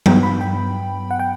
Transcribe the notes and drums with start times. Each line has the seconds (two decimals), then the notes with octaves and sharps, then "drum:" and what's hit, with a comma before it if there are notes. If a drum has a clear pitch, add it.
0.06 G2 F#3 B3 G5, drum: tom F#3
0.23 B5
0.41 G5
1.11 F#5
1.20 G5